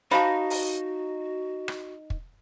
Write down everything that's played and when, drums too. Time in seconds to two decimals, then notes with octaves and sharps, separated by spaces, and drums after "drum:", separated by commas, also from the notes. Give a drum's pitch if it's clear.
0.11 D#4 F#4 C5 F5 A5 B5
0.50 drum: open hi-hat
1.68 drum: rim click
2.10 drum: kick